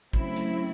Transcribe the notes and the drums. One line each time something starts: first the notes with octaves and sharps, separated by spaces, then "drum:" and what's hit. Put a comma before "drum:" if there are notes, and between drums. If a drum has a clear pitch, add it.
C#3 F#3 A3 C4 E4, drum: kick
drum: hi-hat